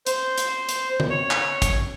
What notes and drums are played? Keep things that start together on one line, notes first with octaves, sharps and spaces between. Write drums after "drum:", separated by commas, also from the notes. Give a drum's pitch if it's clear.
C5, drum: hi-hat
drum: hi-hat
drum: hi-hat
drum: tom D3
C#5
drum: clap
drum: kick, hi-hat